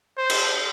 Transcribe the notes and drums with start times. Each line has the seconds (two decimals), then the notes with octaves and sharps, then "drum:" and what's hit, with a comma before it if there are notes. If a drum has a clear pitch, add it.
0.18 C5
0.30 drum: cymbal